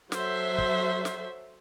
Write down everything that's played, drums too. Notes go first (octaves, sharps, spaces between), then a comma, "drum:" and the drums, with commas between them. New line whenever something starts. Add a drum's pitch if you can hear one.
F#3 A4 C5 E5, drum: snare
drum: kick
drum: snare